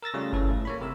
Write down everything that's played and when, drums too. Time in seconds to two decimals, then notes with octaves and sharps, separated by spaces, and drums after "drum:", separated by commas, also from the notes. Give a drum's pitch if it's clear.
0.03 A#4 E6 A6 A#6
0.14 C#3 G3 A3 F4
0.33 C#3 E3 A4, drum: kick G1
0.49 A2
0.65 A#3 C#5 B5
0.81 C3 A#4 E6